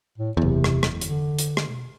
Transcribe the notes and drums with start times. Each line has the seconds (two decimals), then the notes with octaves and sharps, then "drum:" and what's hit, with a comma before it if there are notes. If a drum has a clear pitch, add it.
0.18 A2
0.37 F#1 E2 C3
0.64 drum: rim click
0.83 drum: rim click
1.01 D3, drum: hi-hat
1.39 drum: hi-hat
1.57 drum: rim click
1.67 B2